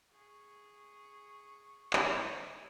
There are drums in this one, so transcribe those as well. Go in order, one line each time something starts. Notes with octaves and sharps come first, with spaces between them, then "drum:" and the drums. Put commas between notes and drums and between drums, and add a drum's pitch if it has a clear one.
G#4 C#6
drum: clap